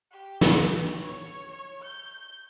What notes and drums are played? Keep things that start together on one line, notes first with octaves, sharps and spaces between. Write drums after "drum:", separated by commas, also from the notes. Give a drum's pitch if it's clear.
G4
drum: snare
C#5
C#5
G6